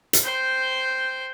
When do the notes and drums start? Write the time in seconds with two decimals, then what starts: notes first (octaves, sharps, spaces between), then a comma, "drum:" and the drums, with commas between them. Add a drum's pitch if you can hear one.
0.13 drum: hi-hat
0.23 C5 G5